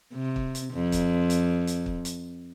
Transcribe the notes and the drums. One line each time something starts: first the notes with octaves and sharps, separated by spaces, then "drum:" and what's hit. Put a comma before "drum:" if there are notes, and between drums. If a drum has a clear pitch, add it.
C3
drum: kick
drum: hi-hat
F2
drum: kick, hi-hat
drum: hi-hat
drum: hi-hat
drum: kick
drum: hi-hat